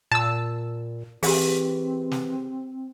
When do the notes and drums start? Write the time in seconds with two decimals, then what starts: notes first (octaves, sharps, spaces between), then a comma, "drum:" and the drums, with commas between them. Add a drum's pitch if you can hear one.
0.12 A#2 A5 E6
1.23 E3 C4 G4 G#4, drum: open hi-hat
2.11 drum: snare